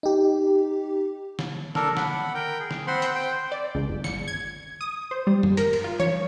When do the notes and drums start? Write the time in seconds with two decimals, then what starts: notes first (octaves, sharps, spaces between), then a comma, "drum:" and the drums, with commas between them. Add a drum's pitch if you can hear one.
0.03 D#4 G4
1.39 drum: snare
1.75 D4 A4 A#4, drum: snare
1.97 F#5 B5, drum: snare
2.34 A#4 G5
2.60 G#4
2.71 drum: snare
2.87 C4 C5 F#5 B5 C6
3.02 drum: hi-hat
3.15 C5 G5
3.52 D5
3.75 C#2
3.89 G1
4.04 C#7, drum: snare
4.28 G#6
4.81 D#6
5.11 C5
5.27 G3
5.43 drum: tom
5.57 A#4, drum: hi-hat
5.73 drum: cymbal
5.84 F4
6.00 C#5, drum: tom E3